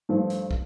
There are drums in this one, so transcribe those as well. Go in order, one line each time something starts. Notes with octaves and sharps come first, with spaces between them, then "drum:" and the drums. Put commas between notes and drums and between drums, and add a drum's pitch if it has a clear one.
G2 F3 A3
drum: hi-hat
drum: kick